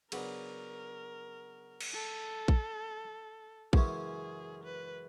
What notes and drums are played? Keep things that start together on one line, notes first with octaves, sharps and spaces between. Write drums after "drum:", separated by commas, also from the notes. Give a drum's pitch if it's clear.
C#3 F#3 B3 D4 A#4, drum: cymbal
drum: cymbal
A4
drum: kick A#1
F#2 C#3 E3 G#3 C#4 G#4, drum: kick A#1
B4